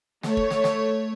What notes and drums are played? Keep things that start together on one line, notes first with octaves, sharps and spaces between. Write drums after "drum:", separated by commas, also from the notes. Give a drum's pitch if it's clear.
A3 C#5, drum: snare
drum: kick
drum: snare
drum: snare